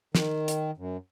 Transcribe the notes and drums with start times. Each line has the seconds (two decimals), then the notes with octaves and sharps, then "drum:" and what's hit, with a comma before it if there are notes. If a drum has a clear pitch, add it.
0.15 D#3, drum: snare
0.48 drum: hi-hat
0.77 F#2